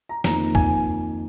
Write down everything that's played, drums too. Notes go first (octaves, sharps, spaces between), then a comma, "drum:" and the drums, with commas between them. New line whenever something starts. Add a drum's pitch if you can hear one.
A#5
F2 D#3 A#3 D#4 A#5, drum: snare
G#5, drum: kick